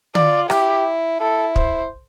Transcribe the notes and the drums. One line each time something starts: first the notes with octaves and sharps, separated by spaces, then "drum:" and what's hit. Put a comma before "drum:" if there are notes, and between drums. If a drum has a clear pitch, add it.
F4 D5, drum: tom
E4 G4, drum: rim click
E4 A4
C5, drum: kick